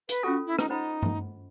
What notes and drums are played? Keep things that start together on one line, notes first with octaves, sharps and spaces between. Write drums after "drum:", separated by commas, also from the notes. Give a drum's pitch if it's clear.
B4, drum: hi-hat
C#4 F4 F#4 A4
E4
D#4, drum: rim click
D#4 C5 D#5 F#5 B5
drum: tom G2